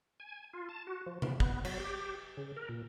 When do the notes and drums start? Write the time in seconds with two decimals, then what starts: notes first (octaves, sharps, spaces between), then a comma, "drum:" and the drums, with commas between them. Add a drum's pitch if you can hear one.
0.20 G#5
0.53 F4
0.69 A5
0.87 F#4
1.06 F3
1.22 E3, drum: tom C3
1.40 B3, drum: kick
1.65 F#3, drum: cymbal
1.80 G4
2.37 C#3
2.57 A#4
2.69 A#2